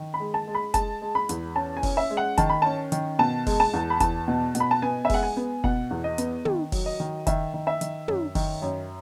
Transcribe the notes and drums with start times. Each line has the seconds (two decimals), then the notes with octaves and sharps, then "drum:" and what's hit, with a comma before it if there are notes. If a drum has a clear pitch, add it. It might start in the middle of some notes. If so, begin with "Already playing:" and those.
Already playing: D#3
0.14 B5
0.20 G#3
0.34 A5
0.47 G#3
0.55 B5
0.74 G#3 A5, drum: kick F1, hi-hat
1.02 G#3
1.15 B5
1.29 E2, drum: hi-hat
1.56 C#4 A5
1.77 G#5
1.83 C#4, drum: kick F1, open hi-hat
1.97 E5
2.10 G#3
2.17 F#5
2.38 D#3 A5, drum: kick F1, hi-hat
2.49 B5
2.62 C#4 A5
2.92 D#3, drum: hi-hat
3.19 B2 A5
3.47 G#3, drum: kick F1, open hi-hat
3.60 A5
3.73 E2
3.90 B5
4.00 E2 A5, drum: kick F1, hi-hat
4.28 B2
4.55 B2, drum: hi-hat
4.60 B5
4.71 A5
4.82 B3 G#5
5.05 E5
5.10 G#3 F#5, drum: kick F1, open hi-hat
5.23 G#5
5.37 B3
5.64 B2 F#5, drum: kick F1
5.91 E2
6.04 D#5
6.18 B3, drum: hi-hat
6.45 D#3, drum: tom
6.72 F#3, drum: kick F1, open hi-hat
6.86 D#5
7.00 D#3
7.27 D#3 E5, drum: kick F1, hi-hat
7.54 D#3
7.67 E5
7.81 D#3, drum: hi-hat
8.08 F#2, drum: tom
8.35 D#3, drum: kick F1, open hi-hat
8.62 F#2